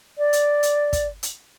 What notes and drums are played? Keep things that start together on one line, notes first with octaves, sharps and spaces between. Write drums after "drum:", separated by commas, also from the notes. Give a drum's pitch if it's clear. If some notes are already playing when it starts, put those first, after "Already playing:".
D5
drum: hi-hat
drum: hi-hat
drum: kick, hi-hat
drum: hi-hat